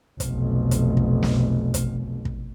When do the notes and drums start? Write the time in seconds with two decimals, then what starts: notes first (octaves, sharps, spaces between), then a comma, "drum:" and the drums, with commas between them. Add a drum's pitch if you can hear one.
0.20 F1 B1, drum: kick, hi-hat
0.71 drum: kick, hi-hat
0.97 drum: kick
1.23 drum: snare
1.74 drum: kick, hi-hat
2.25 drum: kick